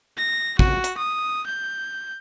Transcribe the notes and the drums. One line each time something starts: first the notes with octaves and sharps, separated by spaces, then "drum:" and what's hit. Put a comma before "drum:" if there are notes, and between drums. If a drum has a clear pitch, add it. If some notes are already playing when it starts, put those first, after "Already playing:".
A#6
F#4, drum: kick
drum: hi-hat
D#6
G6